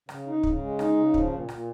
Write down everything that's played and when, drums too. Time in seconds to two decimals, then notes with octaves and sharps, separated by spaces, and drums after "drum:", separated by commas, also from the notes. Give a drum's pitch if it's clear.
0.09 C#3, drum: rim click
0.26 D#4
0.43 C#3, drum: kick
0.62 G#3
0.79 D#4, drum: rim click
0.96 C#3
1.14 F3, drum: kick
1.31 A#2
1.49 A#2, drum: rim click